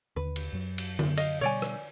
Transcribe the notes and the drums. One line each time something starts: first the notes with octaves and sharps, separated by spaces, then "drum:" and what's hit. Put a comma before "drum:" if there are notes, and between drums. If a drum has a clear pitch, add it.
D#2 D3 B4
drum: cymbal
F#2 F#3
drum: cymbal
drum: tom D3
D#5 F5, drum: cymbal
B2 G3 C#5 D5 G#5
drum: rim click